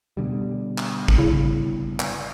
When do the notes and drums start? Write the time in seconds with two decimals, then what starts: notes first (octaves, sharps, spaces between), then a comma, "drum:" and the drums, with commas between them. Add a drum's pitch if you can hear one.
0.17 B2 D3 G3
0.78 drum: clap
1.08 drum: kick A1
1.18 C#3 E4
2.00 drum: clap